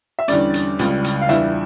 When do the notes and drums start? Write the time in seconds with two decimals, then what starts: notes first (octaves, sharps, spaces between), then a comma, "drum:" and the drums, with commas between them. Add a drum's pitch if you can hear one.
0.19 E5
0.28 E2 D3 G3 C#4 D5, drum: hi-hat
0.54 drum: hi-hat
0.79 C#2 C#3 G3, drum: hi-hat
1.04 drum: hi-hat
1.21 F5
1.29 E2 E3 G3 D4 E5, drum: hi-hat